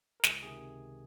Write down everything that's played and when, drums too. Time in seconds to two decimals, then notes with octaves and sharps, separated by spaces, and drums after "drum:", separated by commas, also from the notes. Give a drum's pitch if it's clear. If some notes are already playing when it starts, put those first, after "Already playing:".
0.20 A#4
0.24 C#2 G#4, drum: snare
0.42 C3 D#3 G#4